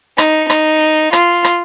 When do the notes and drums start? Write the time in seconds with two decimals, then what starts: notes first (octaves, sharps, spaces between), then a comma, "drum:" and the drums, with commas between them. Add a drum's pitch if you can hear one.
0.18 D#4, drum: rim click
0.50 D#4, drum: rim click
1.13 F4, drum: rim click
1.44 drum: rim click